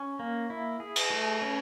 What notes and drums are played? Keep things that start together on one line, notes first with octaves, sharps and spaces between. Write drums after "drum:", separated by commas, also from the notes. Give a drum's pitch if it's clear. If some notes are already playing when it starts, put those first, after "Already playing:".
Already playing: C#4
A#3
E4
G#4
drum: cymbal
A3
C#4